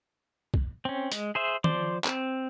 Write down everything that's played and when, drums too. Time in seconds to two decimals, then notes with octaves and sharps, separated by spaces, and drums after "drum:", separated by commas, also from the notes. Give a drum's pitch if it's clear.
0.54 drum: kick
0.85 C4 C#4
1.12 G#3, drum: hi-hat
1.35 G#4 C5 E5
1.64 F3 C5 D5 C6 D6, drum: tom D#3
2.04 C4, drum: clap